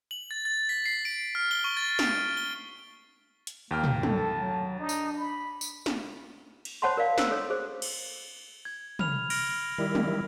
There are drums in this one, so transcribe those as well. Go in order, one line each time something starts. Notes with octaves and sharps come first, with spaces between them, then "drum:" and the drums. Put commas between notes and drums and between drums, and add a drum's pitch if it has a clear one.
F#7
A6
A6
B6
C7
D7
F6
G7
C#6
A6
D7, drum: snare
G7
drum: hi-hat
D#2 A#3 G5 F6
drum: tom
A4 A5, drum: tom
F#3
D4 D#4
drum: tambourine
B5
drum: tambourine
drum: snare
drum: cymbal
C5 C#5 F#5 A5 B5 C6
A#4 D5 F5
C5 E6, drum: snare
A4 C#5
G#4 C5
drum: cymbal
G#6
B5 F6 F7, drum: tom
F6 A#6 D7, drum: cymbal
D#3 G3 E4
drum: tom